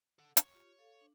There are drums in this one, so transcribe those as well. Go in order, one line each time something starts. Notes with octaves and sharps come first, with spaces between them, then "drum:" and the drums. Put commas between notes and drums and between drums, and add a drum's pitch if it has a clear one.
A4 F#5
C#5, drum: hi-hat
F4 G4
A4 F5
D4